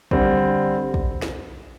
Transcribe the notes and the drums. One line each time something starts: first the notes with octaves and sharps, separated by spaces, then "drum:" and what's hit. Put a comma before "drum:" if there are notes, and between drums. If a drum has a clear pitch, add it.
D3 G3 C4, drum: kick
drum: kick
drum: snare